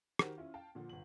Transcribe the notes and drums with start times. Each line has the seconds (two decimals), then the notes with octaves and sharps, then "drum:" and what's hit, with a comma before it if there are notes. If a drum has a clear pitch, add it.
0.19 D#3 F#4 G4 A#4 C5, drum: rim click
0.38 C#4 E4 F4
0.54 F5 G5 A5
0.75 A#2 D3 F3
0.89 G1 F#7